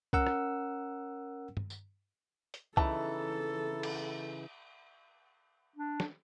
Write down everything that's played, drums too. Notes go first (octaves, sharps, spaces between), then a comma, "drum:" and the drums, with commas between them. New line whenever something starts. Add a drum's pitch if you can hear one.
C#4 A#4 F#5 E6, drum: kick C2
drum: rim click
drum: tom G2
drum: tambourine
drum: hi-hat
C#3 E3 D#4 E4 A4 A5, drum: kick C2
drum: cymbal
D4
drum: snare